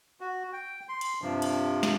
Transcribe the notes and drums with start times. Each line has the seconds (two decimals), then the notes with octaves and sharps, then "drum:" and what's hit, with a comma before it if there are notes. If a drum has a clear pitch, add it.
0.21 F#4
0.53 G5
0.89 C6
1.01 drum: cymbal
1.22 G2 C3 F3
1.42 drum: cymbal
1.83 drum: snare